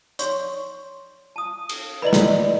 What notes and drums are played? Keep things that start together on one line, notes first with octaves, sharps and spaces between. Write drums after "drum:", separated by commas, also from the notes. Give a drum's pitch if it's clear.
C#5 C6 C#6, drum: hi-hat
A5 D#6
drum: cymbal
E4 B4 D5 D#5 B5 F#7
drum: snare